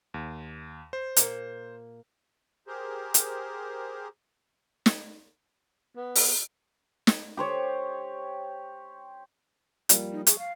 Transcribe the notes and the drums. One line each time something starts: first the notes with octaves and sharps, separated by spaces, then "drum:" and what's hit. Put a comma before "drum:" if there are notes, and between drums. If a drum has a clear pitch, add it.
D#2
C5
A#2 A#3, drum: hi-hat
G4 G#4 A#4 C5
drum: hi-hat
drum: snare
B3
drum: open hi-hat
drum: snare
G4 C5 C#5
F3 G3 A#3, drum: hi-hat
D#4
G#4 C#6, drum: hi-hat
F5